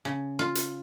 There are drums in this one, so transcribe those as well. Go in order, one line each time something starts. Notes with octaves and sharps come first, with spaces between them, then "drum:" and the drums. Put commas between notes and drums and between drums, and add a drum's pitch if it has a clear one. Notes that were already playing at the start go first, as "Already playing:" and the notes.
C#3
F4
drum: hi-hat